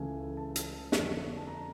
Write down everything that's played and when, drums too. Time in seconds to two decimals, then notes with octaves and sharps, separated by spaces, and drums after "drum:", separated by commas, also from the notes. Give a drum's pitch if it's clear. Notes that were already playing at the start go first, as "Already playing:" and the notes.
Already playing: C#2 C#3 E3 A3 G#5
0.37 A5
0.56 drum: hi-hat
0.92 F2 D3 G3, drum: snare
1.37 A5
1.47 A#5